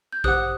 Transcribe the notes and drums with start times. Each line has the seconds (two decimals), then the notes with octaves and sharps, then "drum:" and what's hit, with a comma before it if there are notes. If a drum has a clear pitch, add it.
0.12 G6
0.24 G4 C5 F#5 D#6 F#6, drum: kick A#1